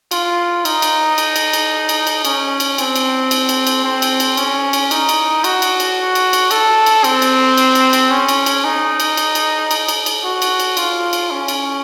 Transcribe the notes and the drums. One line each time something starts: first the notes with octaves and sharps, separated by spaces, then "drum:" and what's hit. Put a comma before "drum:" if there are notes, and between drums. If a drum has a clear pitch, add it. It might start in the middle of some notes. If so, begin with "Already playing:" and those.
F4, drum: cymbal
D#4, drum: cymbal
drum: cymbal
drum: cymbal
drum: cymbal
drum: cymbal
drum: cymbal
drum: cymbal
C#4, drum: cymbal
drum: cymbal
C4, drum: cymbal
drum: cymbal
drum: cymbal
drum: cymbal
drum: cymbal
C4
drum: cymbal
drum: cymbal
C#4, drum: cymbal
drum: cymbal
D#4, drum: cymbal
drum: cymbal
F#4, drum: cymbal
drum: cymbal
drum: cymbal
drum: cymbal
drum: cymbal
A4, drum: cymbal
drum: cymbal
C4, drum: cymbal
drum: cymbal
drum: cymbal
drum: cymbal
drum: cymbal
C#4
drum: cymbal
drum: cymbal
D#4
drum: cymbal
drum: cymbal
drum: cymbal
drum: cymbal
drum: cymbal
drum: cymbal
F#4
drum: cymbal
drum: cymbal
F4, drum: cymbal
drum: cymbal
C#4
drum: cymbal